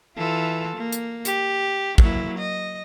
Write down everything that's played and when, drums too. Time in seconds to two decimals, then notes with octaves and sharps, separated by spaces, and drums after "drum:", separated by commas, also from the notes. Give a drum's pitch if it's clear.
0.17 E3 F4 A4
0.77 A#3
0.92 drum: hi-hat
1.25 G4, drum: hi-hat
1.98 F#3 A#3 E4, drum: kick
2.39 D#5